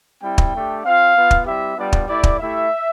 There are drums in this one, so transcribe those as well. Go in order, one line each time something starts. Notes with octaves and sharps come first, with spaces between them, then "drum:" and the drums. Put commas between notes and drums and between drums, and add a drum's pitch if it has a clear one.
G3 C4 E4 G5
drum: kick
A3 D4 G4
C4 F4 F5
B3 F4
drum: kick
G3 C4 E4 G4 E5
G3 B3 D4 F4 D5
drum: kick
A3 E4 G4 D5
drum: kick
A3 E4 G4 E5